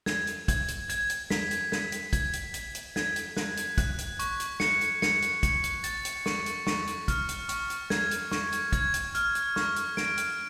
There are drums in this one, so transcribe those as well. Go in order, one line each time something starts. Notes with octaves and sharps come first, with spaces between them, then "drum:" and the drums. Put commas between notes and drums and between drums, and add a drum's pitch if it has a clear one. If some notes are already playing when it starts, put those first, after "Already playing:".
G#6, drum: snare
drum: hi-hat
G#6, drum: kick, hi-hat
drum: hi-hat
G#6, drum: hi-hat
drum: hi-hat
B6, drum: snare
drum: hi-hat
G#6, drum: snare
drum: hi-hat
G#6, drum: kick, hi-hat
drum: hi-hat
G#6, drum: hi-hat
drum: hi-hat
G#6, drum: snare
drum: hi-hat
F#6, drum: snare
drum: hi-hat
F#6, drum: kick, hi-hat
drum: hi-hat
C#6, drum: hi-hat
drum: hi-hat
C#7, drum: snare
drum: hi-hat
C#7, drum: snare
drum: hi-hat
C#7, drum: kick, hi-hat
drum: hi-hat
A6, drum: hi-hat
drum: hi-hat
C#6, drum: snare
drum: hi-hat
C#6, drum: snare
drum: hi-hat
F6, drum: kick, hi-hat
drum: hi-hat
C#6, drum: hi-hat
drum: hi-hat
G#6, drum: snare
drum: hi-hat
C#6, drum: snare
drum: hi-hat
G#6, drum: kick, hi-hat
drum: hi-hat
F6, drum: hi-hat
drum: hi-hat
C#6, drum: snare
drum: hi-hat
D7, drum: snare
drum: hi-hat